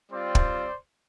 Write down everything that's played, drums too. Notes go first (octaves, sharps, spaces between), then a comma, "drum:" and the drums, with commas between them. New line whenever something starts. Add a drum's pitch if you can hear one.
G3 C4 F4 C5 D5
drum: kick